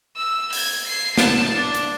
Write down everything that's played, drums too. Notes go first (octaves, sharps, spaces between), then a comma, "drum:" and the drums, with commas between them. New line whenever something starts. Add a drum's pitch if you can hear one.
E6
G#6, drum: open hi-hat
C7
A5, drum: snare
D4
drum: hi-hat